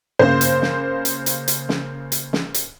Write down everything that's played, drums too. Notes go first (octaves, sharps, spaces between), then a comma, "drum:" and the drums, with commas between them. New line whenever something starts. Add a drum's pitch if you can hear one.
C#3 A#3 C5, drum: tom G2
drum: hi-hat
drum: snare
drum: hi-hat
drum: hi-hat
drum: hi-hat
drum: snare
drum: hi-hat
drum: snare
drum: hi-hat